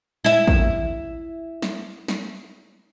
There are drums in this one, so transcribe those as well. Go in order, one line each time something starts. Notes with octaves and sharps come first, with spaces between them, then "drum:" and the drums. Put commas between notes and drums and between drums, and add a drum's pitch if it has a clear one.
E4 E5
drum: kick
drum: snare
drum: snare